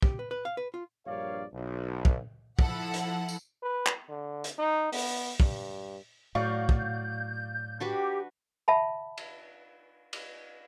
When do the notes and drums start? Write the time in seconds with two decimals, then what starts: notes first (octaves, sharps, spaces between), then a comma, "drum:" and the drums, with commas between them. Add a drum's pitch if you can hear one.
0.02 G4, drum: kick
0.19 B4
0.31 B4
0.45 F5
0.57 B4
0.74 F4
1.06 A#1 G2 A#4 C#5 D5 F5
1.53 B1
2.05 drum: kick
2.59 F3 E4 A4 F#5, drum: kick
2.94 drum: hi-hat
3.29 drum: tambourine
3.63 B4
3.86 drum: clap
4.09 D3
4.44 drum: hi-hat
4.59 D#4
4.93 B3, drum: open hi-hat
5.40 G2, drum: kick
6.35 A2 F#3 D5 F5 C#6 G6
6.69 drum: kick
7.80 D4 F#4 G4 B4
8.68 E5 F#5 A5 B5
9.18 drum: cymbal
10.13 drum: cymbal